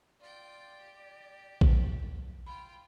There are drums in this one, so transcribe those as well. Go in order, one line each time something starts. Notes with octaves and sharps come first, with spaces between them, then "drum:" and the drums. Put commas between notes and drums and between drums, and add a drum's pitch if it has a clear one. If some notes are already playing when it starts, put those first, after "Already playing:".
F4 D5 G5
G4
drum: kick A#1
F4 G5 B5